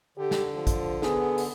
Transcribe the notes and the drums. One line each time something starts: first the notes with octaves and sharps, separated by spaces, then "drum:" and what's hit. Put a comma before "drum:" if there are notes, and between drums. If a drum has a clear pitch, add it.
D3 G4
drum: snare
F3
drum: kick, hi-hat
B3 G#4, drum: snare
drum: open hi-hat